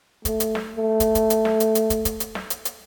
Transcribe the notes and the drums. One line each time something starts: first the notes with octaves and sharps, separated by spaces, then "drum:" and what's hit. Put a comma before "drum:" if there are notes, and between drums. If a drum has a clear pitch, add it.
A3, drum: kick, hi-hat
drum: hi-hat
drum: snare
A3
drum: kick, hi-hat
drum: kick, hi-hat
drum: hi-hat
drum: snare
drum: hi-hat
drum: hi-hat
drum: kick, hi-hat
drum: kick, hi-hat
drum: hi-hat
drum: snare
drum: hi-hat
drum: hi-hat